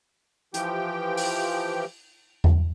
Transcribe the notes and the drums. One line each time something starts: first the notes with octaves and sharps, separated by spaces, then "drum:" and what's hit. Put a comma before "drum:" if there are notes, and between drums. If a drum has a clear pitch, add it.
E3 F3 G4 G5, drum: hi-hat
drum: open hi-hat
drum: tom E2